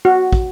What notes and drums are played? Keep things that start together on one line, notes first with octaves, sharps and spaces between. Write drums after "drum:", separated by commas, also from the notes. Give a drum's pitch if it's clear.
F#4
drum: kick